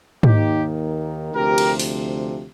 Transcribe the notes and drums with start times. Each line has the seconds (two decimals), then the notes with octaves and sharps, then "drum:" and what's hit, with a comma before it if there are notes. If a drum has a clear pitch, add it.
0.23 D#2 D#3 A#3 D#4 G4, drum: tom G#2
1.34 D2 C3 F3 G4 A#4
1.58 drum: cymbal
1.79 drum: open hi-hat